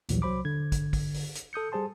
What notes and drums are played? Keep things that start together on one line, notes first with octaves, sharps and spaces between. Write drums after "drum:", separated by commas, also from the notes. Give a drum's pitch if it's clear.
A#1 D#2 A#2 E3 F#3 G3, drum: hi-hat
C2 F#3 C5 B5 D6
D3 G#6
drum: kick, hi-hat
drum: kick, open hi-hat
drum: open hi-hat
drum: hi-hat
A4 D#6 G6 C#7
G3 G#4 C5 A5 C6